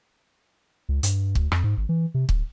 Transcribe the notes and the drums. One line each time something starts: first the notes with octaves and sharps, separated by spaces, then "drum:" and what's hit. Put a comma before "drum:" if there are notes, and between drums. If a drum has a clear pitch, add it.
C#2
G2, drum: hi-hat
D2, drum: kick
F2, drum: rim click
G#2
G#1
E3
C3
D1, drum: kick